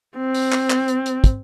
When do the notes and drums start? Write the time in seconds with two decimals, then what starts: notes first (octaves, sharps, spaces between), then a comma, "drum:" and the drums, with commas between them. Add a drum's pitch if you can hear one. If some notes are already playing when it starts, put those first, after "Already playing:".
0.17 C4
0.34 drum: open hi-hat
0.52 drum: clap
0.70 drum: clap
0.88 drum: hi-hat
1.06 drum: hi-hat
1.24 drum: kick, hi-hat